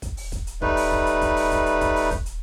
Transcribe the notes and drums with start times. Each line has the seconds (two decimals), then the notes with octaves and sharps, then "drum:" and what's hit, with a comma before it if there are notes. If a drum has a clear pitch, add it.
0.02 drum: kick, hi-hat
0.17 drum: open hi-hat
0.32 drum: kick, hi-hat
0.47 drum: hi-hat
0.62 G3 A3 D#4 B4, drum: kick
0.77 drum: open hi-hat
0.92 drum: kick
1.07 drum: hi-hat
1.21 drum: kick, hi-hat
1.36 drum: open hi-hat
1.51 drum: kick, hi-hat
1.66 drum: hi-hat
1.81 drum: kick, hi-hat
1.96 drum: open hi-hat
2.11 drum: kick, hi-hat
2.26 drum: hi-hat